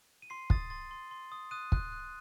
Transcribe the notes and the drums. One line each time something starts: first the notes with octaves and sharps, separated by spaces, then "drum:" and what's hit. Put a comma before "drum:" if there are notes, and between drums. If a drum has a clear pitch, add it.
D#7
C6 C7
D#6 A6, drum: kick
C6 A6
C6
C6
D#6
D#6 F#6 D#7
F#6, drum: kick
F#6